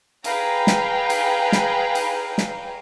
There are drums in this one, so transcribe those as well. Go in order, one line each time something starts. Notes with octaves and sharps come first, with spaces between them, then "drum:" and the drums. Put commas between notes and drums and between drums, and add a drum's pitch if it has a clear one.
G#4 B4 F5 G5 A#5, drum: cymbal
drum: snare
drum: cymbal
drum: snare
drum: cymbal
drum: snare